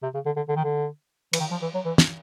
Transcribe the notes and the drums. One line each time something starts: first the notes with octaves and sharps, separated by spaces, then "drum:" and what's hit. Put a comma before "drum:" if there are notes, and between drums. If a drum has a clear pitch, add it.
C3
C#3
D3
D3
D3
D#3
D3
E3, drum: cymbal
D#3
F3
E3
F#3
E3
drum: snare